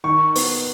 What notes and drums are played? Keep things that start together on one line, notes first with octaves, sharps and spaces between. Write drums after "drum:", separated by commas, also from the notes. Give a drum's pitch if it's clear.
D#3 C#6
B3, drum: open hi-hat